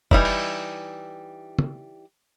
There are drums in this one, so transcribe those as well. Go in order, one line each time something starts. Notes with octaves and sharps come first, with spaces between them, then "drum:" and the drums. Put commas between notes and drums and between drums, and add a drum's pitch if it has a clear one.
E3 G3 D#4 E4, drum: kick
drum: open hi-hat
drum: tom